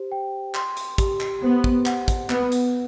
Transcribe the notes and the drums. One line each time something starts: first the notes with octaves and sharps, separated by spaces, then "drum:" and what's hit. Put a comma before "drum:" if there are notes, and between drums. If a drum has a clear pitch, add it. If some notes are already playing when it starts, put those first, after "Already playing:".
Already playing: G4 C5
G5
C6, drum: clap
drum: hi-hat
G4, drum: kick, hi-hat
drum: clap
B3 C5
drum: kick
F#5, drum: clap
drum: kick, hi-hat
B3 B4, drum: clap
drum: hi-hat